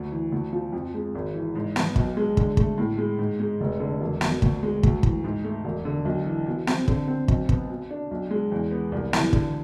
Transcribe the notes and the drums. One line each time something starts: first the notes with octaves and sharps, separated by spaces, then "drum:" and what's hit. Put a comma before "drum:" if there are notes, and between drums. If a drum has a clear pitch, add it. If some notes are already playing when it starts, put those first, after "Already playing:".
Already playing: D2
E3
D2
F3
F2
G#3
G#1
E3
G#2
B3, drum: snare
B1, drum: kick
G#3
D3, drum: kick
A3, drum: kick
A2
G#3
G#2
G#3
F1
D3
E1
B2, drum: snare
D2, drum: kick
G#3
D2, drum: kick
E3, drum: kick
G#2
A3
E1
D3
B1
E3
B2
C4, drum: snare
D3, drum: kick
C4
B1, drum: kick
B3, drum: kick
B2
D4
B1
G#3
E2
B3
C2
E3, drum: snare
D3, drum: kick